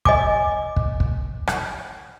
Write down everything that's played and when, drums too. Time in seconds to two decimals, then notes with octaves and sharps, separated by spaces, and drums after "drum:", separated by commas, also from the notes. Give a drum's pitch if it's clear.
0.05 D#5 G#5 D6, drum: kick
0.76 drum: kick
1.00 drum: kick
1.47 drum: rim click